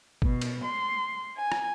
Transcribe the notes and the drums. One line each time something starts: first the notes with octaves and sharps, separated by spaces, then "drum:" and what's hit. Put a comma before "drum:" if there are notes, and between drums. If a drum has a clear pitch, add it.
B2, drum: kick
drum: cymbal
C6
G#5
drum: rim click